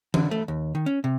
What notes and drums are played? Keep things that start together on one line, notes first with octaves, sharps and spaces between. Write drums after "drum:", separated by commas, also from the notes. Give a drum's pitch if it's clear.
D3, drum: tom E3
A3
D#2
D#3
C#4
C3